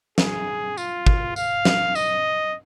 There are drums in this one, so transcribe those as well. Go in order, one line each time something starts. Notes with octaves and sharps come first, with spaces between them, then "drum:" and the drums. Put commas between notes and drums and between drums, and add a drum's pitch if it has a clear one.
G#4, drum: snare
F4, drum: tambourine
drum: kick G#1
F5, drum: tambourine
drum: snare
D#5, drum: tambourine